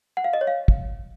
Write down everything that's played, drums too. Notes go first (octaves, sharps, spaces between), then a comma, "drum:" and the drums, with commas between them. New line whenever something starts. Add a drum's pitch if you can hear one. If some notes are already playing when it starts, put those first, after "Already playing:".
F#5
F5
D#5
C#5
F5
drum: kick